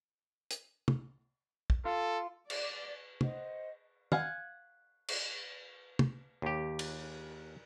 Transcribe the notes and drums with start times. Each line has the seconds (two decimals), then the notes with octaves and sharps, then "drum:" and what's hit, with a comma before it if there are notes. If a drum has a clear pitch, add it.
0.51 drum: hi-hat
0.88 drum: tom
1.70 drum: kick
1.85 F4 A4
2.50 D5, drum: cymbal
3.21 C5 D#5 F#5, drum: tom
4.12 F5 F#5 G#5, drum: tom
5.08 drum: cymbal
5.99 drum: tom
6.42 D#2 G4
6.79 drum: cymbal